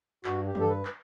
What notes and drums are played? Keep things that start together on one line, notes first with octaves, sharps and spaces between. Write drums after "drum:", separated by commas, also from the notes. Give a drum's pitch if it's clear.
G2 F#4, drum: clap
G4
G2, drum: tom
A4
B4
drum: clap